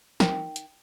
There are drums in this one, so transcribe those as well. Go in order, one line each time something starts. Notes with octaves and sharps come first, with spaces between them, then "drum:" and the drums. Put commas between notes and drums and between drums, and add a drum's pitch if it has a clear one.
D#3, drum: snare
drum: hi-hat